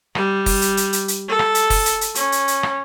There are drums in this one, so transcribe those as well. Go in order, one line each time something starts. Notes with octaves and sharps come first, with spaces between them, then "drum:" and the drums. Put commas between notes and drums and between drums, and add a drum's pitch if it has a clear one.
G3, drum: rim click
drum: kick, open hi-hat
drum: hi-hat
drum: hi-hat
drum: hi-hat
drum: hi-hat
A4
drum: rim click
drum: hi-hat
drum: kick, open hi-hat
drum: hi-hat
drum: hi-hat
C#4, drum: hi-hat
drum: hi-hat
drum: hi-hat
drum: rim click